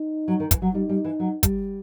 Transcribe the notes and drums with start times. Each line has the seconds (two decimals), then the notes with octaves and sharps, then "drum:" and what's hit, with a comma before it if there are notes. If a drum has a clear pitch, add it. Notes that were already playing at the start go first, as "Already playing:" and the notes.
Already playing: D#4
0.28 F#3
0.40 D#3
0.51 E3, drum: kick, hi-hat
0.62 F#3
0.73 G3 D#4
0.89 G3
1.05 E3
1.20 F#3
1.43 G3, drum: kick, hi-hat